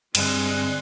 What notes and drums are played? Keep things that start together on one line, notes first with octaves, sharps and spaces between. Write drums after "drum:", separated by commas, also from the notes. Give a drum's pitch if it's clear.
G2 D3 G3 G#3 C4 F#6, drum: cymbal